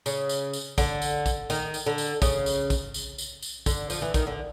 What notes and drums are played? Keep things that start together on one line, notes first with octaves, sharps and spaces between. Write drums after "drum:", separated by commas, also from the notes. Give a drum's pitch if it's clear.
C#3, drum: tambourine
drum: tambourine
drum: tambourine
D3, drum: kick A#1, tambourine
drum: tambourine
drum: kick A#1, tambourine
D#3, drum: tambourine
drum: tambourine
D3
drum: tambourine
C#3, drum: kick A#1, tambourine
drum: tambourine
drum: kick A#1, tambourine
drum: tambourine
drum: tambourine
drum: tambourine
D3, drum: kick A#1, tambourine
F3, drum: tambourine
E3
D#3, drum: kick A#1, tambourine
D3